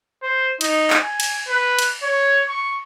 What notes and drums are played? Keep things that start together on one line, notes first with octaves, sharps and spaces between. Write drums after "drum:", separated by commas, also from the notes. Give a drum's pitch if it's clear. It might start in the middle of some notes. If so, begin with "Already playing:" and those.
C5
D#4, drum: cymbal
drum: clap
G#5
drum: cymbal
B4
drum: cymbal
C#5
C#6